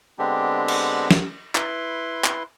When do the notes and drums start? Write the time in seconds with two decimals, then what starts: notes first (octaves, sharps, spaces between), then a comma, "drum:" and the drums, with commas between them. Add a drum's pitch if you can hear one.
0.19 D3 G#3 B3 C4 D4 G4
0.68 drum: cymbal
1.11 drum: snare
1.55 E4 B4 C6, drum: clap
2.24 drum: clap